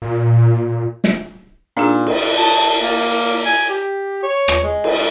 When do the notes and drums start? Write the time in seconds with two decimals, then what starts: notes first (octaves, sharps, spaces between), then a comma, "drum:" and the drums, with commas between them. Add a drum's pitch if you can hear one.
0.02 A#2
1.04 drum: snare
1.77 A#2 D4 D#4 G#4
2.07 drum: cymbal
2.37 A5
2.82 A#3
3.46 G#5
3.70 G4
4.23 C#5
4.48 drum: rim click
4.64 G#3
4.84 drum: cymbal